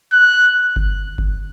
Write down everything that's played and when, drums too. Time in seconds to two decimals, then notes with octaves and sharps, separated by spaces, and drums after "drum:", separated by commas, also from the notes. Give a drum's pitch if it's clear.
0.13 F#6
0.76 drum: kick G1
1.18 drum: kick G1